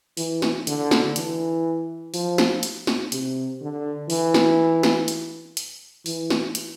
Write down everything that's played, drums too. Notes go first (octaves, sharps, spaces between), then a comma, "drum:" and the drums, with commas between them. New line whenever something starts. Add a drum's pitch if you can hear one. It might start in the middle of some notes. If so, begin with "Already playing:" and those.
E3, drum: open hi-hat
drum: snare
D3, drum: hi-hat
drum: snare
E3, drum: hi-hat
F3, drum: open hi-hat
drum: snare
drum: hi-hat
drum: snare
C3, drum: hi-hat
D3
E3, drum: open hi-hat
drum: snare
drum: snare
drum: hi-hat
drum: hi-hat
E3, drum: open hi-hat
drum: snare
drum: hi-hat